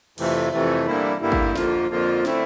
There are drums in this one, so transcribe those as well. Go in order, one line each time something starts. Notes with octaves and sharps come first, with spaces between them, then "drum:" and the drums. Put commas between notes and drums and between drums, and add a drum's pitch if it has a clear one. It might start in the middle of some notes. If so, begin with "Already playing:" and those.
F2 C3 E3 A3, drum: cymbal
F2 C3 E3 A3
G2 D3 G3 A#3 E4
G2 D3 G3 A#3 E4
drum: kick
F2 D3 F3 A#3 F4, drum: snare
F2 D3 F3 A#3 F4
D3 A3 C4 E4, drum: snare